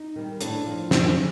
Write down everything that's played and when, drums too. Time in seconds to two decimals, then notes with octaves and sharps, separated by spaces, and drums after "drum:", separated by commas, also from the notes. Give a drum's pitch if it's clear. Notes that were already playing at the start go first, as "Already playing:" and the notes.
Already playing: D#4
0.16 D#3 G3
0.41 A2 D4, drum: hi-hat
0.66 F3
0.91 F#2, drum: snare
1.15 C#3